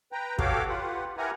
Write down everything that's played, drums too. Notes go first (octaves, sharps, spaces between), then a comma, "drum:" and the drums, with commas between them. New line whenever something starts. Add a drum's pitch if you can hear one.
B4 G5 A#5
F#4 G4 A4 C#5 F5 D6, drum: kick
F4 G4 B4 F#5
E4 G4 A#4 F#5 G#5 A#5